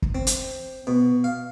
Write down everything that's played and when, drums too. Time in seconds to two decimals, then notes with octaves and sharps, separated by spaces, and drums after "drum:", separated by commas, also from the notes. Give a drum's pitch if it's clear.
0.02 drum: kick
0.15 C4
0.27 drum: hi-hat
0.87 B2
1.24 F5